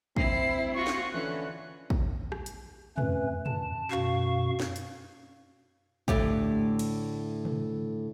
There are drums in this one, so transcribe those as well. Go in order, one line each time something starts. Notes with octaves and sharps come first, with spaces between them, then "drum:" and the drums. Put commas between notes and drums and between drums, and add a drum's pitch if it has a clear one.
C4 E4 C7, drum: kick
F4 F#4 C#6
drum: snare
D3 E3 C#4 F#6
drum: kick
drum: rim click
drum: hi-hat
F2 A3 C#4 B4, drum: tom
A5, drum: tom
F#2 B2 F5 C#6, drum: clap
drum: snare
drum: hi-hat
D2 A2 G4, drum: kick
drum: cymbal
drum: tom